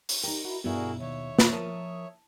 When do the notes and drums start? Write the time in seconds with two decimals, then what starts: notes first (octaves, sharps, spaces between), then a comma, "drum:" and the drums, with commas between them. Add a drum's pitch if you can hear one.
0.09 drum: open hi-hat
0.24 D#4 G4 A#4
0.45 E4 F#4
0.64 G2 B2 E4 F#4 G#4 A#4
1.00 D#2 C#5 E5
1.39 drum: snare
1.53 F3 A#4 A5 D#6